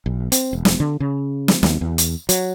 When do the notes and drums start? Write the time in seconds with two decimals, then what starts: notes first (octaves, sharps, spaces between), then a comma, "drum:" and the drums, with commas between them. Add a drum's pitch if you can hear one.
0.06 B1
0.32 C4, drum: hi-hat
0.53 E1
0.65 drum: snare
0.80 D3
1.00 C#3
1.48 drum: snare
1.63 D#2, drum: snare
1.81 E2
1.98 drum: hi-hat
2.29 F#3, drum: hi-hat